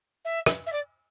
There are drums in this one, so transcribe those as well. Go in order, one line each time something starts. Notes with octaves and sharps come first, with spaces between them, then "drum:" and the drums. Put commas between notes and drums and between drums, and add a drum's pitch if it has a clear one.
E5
drum: rim click
E5
D5